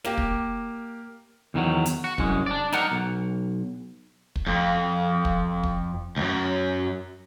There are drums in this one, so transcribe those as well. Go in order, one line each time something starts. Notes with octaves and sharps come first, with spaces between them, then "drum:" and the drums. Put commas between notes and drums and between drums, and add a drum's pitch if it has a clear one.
A#3 G4, drum: snare
drum: kick
E2 D#3 F#3
drum: hi-hat
F#4
C2 F#2 G#3, drum: kick
D4 D5
D#4 A#4 F#5, drum: snare
B1
drum: kick
F2
drum: kick
drum: kick
C#2 F#2